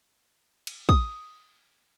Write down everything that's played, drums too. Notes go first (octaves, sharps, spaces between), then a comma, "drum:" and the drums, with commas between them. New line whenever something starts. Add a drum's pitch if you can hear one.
drum: cymbal
D#6, drum: kick